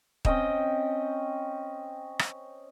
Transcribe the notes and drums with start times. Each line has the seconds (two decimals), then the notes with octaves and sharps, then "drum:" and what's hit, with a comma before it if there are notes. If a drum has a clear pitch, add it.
0.25 C4 C#4 D#5 G5, drum: kick
2.19 drum: rim click